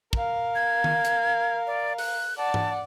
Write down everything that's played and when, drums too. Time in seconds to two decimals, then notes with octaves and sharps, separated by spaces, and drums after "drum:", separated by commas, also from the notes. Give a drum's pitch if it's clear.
0.13 A#4 F5, drum: kick
0.55 G#6
0.84 drum: tom D#3
1.05 drum: hi-hat
1.67 D5
1.98 F#6, drum: open hi-hat
2.38 D5 F#5 A5
2.54 drum: tom G#2